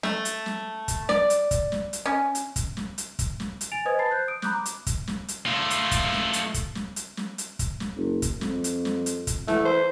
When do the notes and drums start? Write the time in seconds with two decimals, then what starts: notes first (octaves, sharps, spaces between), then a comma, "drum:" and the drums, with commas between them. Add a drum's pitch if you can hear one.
0.03 A3, drum: snare
0.25 drum: hi-hat
0.46 drum: snare
0.88 drum: kick, hi-hat
1.09 D5, drum: snare
1.30 drum: hi-hat
1.51 drum: kick, hi-hat
1.72 drum: snare
1.93 drum: hi-hat
2.06 C#4
2.35 drum: hi-hat
2.56 drum: kick, hi-hat
2.77 drum: snare
2.98 drum: hi-hat
3.19 drum: kick, hi-hat
3.40 drum: snare
3.61 drum: hi-hat
3.72 G#5 A6 D7 F7
3.85 B4 C5 D#5 G#5 D#6 G#6
3.99 A5 B5 A6 C7
4.10 C5 F#6 G6
4.28 D#6 D7
4.42 A#5 B5 D6 D#6 F#6 G6, drum: snare
4.66 drum: hi-hat
4.86 drum: kick, hi-hat
5.07 drum: snare
5.28 drum: hi-hat
5.46 A3 F4
5.70 drum: hi-hat
5.91 drum: kick, hi-hat
6.12 drum: snare
6.33 drum: hi-hat
6.54 drum: kick, hi-hat
6.75 drum: snare
6.96 drum: hi-hat
7.17 drum: snare
7.38 drum: hi-hat
7.59 drum: kick, hi-hat
7.80 drum: snare
7.97 F#1
8.22 drum: kick, hi-hat
8.41 F2, drum: snare
8.64 drum: hi-hat
8.85 drum: snare
9.06 drum: hi-hat
9.27 drum: kick, hi-hat
9.48 E3 A3, drum: snare
9.65 C5